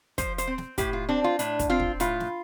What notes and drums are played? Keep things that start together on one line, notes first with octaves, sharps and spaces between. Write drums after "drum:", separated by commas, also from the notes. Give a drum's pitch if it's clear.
F3 C5, drum: kick, hi-hat
C5, drum: hi-hat
C4
drum: snare
A2 G4, drum: kick, hi-hat
F4
C4 D4
F4
A2 D4, drum: hi-hat
drum: kick, hi-hat
C4 F4
drum: kick
A2 F4, drum: hi-hat
drum: snare